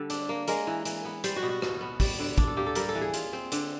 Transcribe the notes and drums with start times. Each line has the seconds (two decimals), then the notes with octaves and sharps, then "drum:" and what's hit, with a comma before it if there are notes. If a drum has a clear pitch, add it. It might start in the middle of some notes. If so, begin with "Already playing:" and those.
Already playing: D3 G3 A4
0.10 D4, drum: hi-hat
0.29 A#3
0.48 G#3 A#4, drum: hi-hat
0.67 E3
0.85 E3, drum: hi-hat
1.05 B3
1.24 G3 C5, drum: hi-hat
1.36 F#4
1.42 B2
1.49 F#4
1.62 B2, drum: rim click
1.81 B3
2.00 G3, drum: kick, open hi-hat
2.19 D3
2.38 D4, drum: kick, hi-hat
2.47 A4
2.57 A#3 G4
2.66 A4
2.75 G3 A#4, drum: hi-hat
2.89 A4
2.95 E3
3.01 G#4
3.14 F4, drum: hi-hat
3.33 C4
3.52 D3, drum: hi-hat